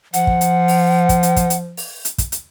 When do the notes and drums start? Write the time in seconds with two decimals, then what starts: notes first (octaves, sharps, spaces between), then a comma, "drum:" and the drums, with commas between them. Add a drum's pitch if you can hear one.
0.14 F3 F#5, drum: hi-hat
0.27 drum: kick
0.41 drum: hi-hat
0.68 drum: open hi-hat
1.09 drum: kick, hi-hat
1.23 drum: hi-hat
1.36 drum: kick, hi-hat
1.50 drum: hi-hat
1.77 drum: open hi-hat
2.05 drum: hi-hat
2.18 drum: kick, hi-hat
2.32 drum: hi-hat